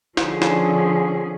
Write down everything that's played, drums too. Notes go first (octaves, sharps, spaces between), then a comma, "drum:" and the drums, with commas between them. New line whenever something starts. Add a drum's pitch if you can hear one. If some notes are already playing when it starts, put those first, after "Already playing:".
D3 F3 C#4 G#4, drum: snare
drum: snare